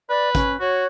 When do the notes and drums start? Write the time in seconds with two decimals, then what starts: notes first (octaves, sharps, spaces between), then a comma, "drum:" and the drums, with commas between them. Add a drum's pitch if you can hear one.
0.09 B4 D5
0.35 C#4, drum: kick, hi-hat
0.60 F#4 C#5